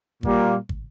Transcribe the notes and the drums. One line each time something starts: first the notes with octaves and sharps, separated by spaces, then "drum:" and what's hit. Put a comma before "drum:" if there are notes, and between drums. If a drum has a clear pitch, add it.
A#2 G3 A#3, drum: kick
drum: kick